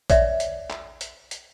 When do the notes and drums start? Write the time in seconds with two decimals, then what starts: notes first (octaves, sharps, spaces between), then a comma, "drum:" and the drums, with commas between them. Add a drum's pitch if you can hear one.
0.10 C#5 D5 E5, drum: kick A#1, hi-hat
0.40 drum: hi-hat
0.70 drum: clap
1.01 drum: hi-hat
1.31 drum: hi-hat